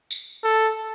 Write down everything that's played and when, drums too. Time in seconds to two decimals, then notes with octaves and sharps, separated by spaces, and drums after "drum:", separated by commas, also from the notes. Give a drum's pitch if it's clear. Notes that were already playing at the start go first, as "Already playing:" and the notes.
0.11 drum: tambourine
0.44 A4